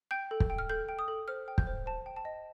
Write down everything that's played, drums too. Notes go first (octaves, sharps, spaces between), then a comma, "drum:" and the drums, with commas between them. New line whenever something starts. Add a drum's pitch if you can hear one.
G5 G6
A4
drum: kick
G5
F6
A4 G6
G5
D#6
A4
C5 F6
G5
G6, drum: kick
C5
C5 A5
G5
A5
D#5